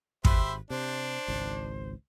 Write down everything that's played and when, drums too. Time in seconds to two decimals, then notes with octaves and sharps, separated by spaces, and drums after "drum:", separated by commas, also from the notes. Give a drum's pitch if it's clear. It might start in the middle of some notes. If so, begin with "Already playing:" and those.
0.25 G#1 G4 C5 E5 B5, drum: kick
0.70 C3 D4 C5
1.28 G#1 C#2